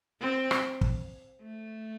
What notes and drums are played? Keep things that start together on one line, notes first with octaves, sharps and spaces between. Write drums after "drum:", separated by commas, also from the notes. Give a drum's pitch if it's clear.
C4
drum: rim click
drum: kick
A3